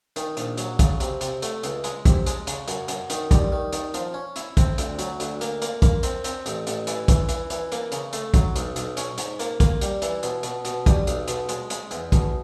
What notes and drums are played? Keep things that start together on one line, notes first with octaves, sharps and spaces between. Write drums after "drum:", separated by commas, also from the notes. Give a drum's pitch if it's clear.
D#3, drum: hi-hat
A#1, drum: hi-hat
F#3, drum: hi-hat
C#3, drum: kick, hi-hat
C3, drum: hi-hat
C3, drum: hi-hat
A3, drum: hi-hat
C#2, drum: hi-hat
G#3, drum: hi-hat
C3, drum: kick, hi-hat
G#3, drum: hi-hat
C#3, drum: hi-hat
F#2, drum: hi-hat
F#2, drum: hi-hat
D#3, drum: hi-hat
G3, drum: kick, hi-hat
D#3
D#3, drum: hi-hat
F3, drum: hi-hat
C#4
E4, drum: hi-hat
C4, drum: kick, hi-hat
D2, drum: hi-hat
F#3, drum: hi-hat
D2, drum: hi-hat
A#3, drum: hi-hat
A#3, drum: hi-hat
A#3, drum: kick, hi-hat
C4, drum: hi-hat
C4, drum: hi-hat
A1, drum: hi-hat
A1, drum: hi-hat
E3, drum: hi-hat
E3, drum: kick, hi-hat
E3, drum: hi-hat
E3, drum: hi-hat
A#3, drum: hi-hat
C#3, drum: hi-hat
A3, drum: hi-hat
F#3, drum: kick, hi-hat
B1, drum: hi-hat
B1, drum: hi-hat
C#4, drum: hi-hat
G#2, drum: hi-hat
A#3, drum: hi-hat
A#3, drum: kick, hi-hat
G3, drum: hi-hat
E3, drum: hi-hat
B2, drum: hi-hat
B2, drum: hi-hat
B2, drum: hi-hat
G3, drum: kick, hi-hat
B1, drum: hi-hat
B2, drum: hi-hat
G#3, drum: hi-hat
G#3, drum: hi-hat
E2, drum: hi-hat
B2, drum: kick, hi-hat